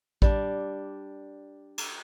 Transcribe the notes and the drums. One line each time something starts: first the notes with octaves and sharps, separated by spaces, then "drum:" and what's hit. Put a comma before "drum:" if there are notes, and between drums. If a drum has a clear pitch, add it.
G3 D4, drum: kick
drum: cymbal